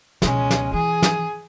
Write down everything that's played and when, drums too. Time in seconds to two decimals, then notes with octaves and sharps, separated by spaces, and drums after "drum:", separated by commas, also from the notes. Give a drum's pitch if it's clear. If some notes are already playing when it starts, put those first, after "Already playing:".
0.22 C#2 B2 G#3 C#4, drum: snare
0.50 drum: snare
0.73 E3 G#4
1.02 drum: snare